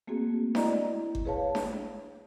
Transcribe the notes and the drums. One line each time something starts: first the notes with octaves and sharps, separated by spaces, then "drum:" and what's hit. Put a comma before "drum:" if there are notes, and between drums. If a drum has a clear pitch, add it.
A3 A#3 C4 F#4 G#4
E4 D5 D#5 A#5, drum: snare D4
drum: kick G1
G#4 B4 C#5 F5 A5
drum: snare D4